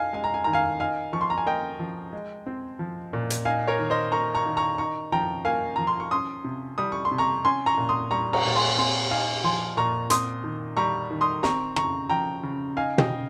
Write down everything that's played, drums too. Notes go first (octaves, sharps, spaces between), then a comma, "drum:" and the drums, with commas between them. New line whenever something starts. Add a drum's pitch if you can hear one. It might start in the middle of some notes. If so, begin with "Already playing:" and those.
Already playing: D#4 F5 G#5
G#3 G#5
A#5
G#5
D#3 A#5
F5 G#5
D#4 F5 G#5
F3 C#6
C6
A#5
G#5
A#3 D#5 G5
F3
G#3
C4
F3
A#2
drum: hi-hat
D#4 F5 G#5
A#4 C#5
D#3
C5 D#5
A#3 A#5 C#6
A#5 C#6
D#3
A#5 C#6
D#4 A#5 C#6
F3 G5 A#5
A#3 F5 G#5
F3 A#5
C6
C#6
C#4 C6 D#6
C3
G3 D#6
C#6
C6
C3
A#5 C#6
C#4 G#5 C6
A#5 C#6
A#2
C6 D#6
G3 A#5 C#6
A#5 C#6, drum: cymbal
A#2
G#5 C6
C4 G#5 C6
D#4 F5 G#5
F3 G#5 C6
A#2 A#5 C#6
C4 C6 D#6, drum: hi-hat
D#3
G3 A#5 C#6
D#3
C6 D#6
C4 A#5 C#6, drum: snare
C#3 A#5 C#6, drum: rim click
F3 G5 A#5
C#3
D#4 F5 G#5
D#5 G5, drum: tom
C#3